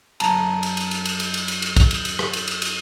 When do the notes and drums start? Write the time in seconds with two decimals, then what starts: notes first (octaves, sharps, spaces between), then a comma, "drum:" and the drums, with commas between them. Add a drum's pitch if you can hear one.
0.20 F#2 A5 A#5, drum: cymbal
0.63 drum: cymbal
0.77 drum: cymbal
0.91 drum: cymbal
1.05 drum: cymbal
1.20 drum: cymbal
1.34 drum: cymbal
1.48 drum: cymbal
1.62 drum: cymbal
1.76 drum: kick, cymbal
1.91 drum: cymbal
2.05 drum: cymbal
2.19 drum: rim click
2.33 drum: cymbal
2.48 drum: cymbal
2.62 drum: cymbal